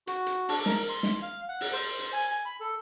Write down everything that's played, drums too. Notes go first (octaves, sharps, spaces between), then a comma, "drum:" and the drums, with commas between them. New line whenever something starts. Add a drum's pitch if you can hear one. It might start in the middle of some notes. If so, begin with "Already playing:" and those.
F#4, drum: hi-hat
drum: hi-hat
D4, drum: open hi-hat
A#4, drum: snare
C6
drum: snare
F5
F#5
drum: open hi-hat
C5
drum: hi-hat
G#5
G#5
B5
A4